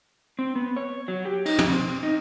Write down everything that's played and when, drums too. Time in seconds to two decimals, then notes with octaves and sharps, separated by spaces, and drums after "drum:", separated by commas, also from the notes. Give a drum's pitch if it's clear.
0.39 C4
0.56 B3
0.76 C#5
1.08 F#3
1.25 G4
1.46 D#4, drum: cymbal
1.58 drum: tom
1.69 C4
2.03 D#4